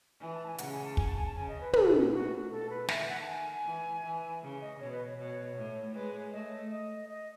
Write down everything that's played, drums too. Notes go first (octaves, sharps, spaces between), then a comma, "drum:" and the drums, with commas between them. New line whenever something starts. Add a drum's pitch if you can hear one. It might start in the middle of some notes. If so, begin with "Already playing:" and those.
E3 G#5
A5
G#5
C#3 F#5, drum: hi-hat
G#5
A5
G#5, drum: kick
A5
G#5
A5
C#3 G#5
D#5
B4
B2 A4, drum: tom
A2 F#4
B2 A4
B4
D#3 E5, drum: snare
F#5
A5
G#5
E3
E3
C#3
D#5
B2 C#5
B4
C#5
B2 C#5
A2
G#3 B4
C#5
A3 D#5
D#5
D#5